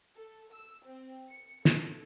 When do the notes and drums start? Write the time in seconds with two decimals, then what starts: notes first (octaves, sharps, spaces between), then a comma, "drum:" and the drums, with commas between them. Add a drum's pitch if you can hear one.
0.16 A4
0.52 E6
0.85 C4
1.30 C#7
1.65 A4, drum: snare